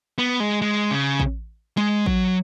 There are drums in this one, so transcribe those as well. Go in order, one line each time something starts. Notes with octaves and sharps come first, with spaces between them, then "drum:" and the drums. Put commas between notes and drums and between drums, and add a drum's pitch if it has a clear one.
B3
G#3
G#3
C#3
drum: kick A1
G#3, drum: snare
F#3, drum: kick A1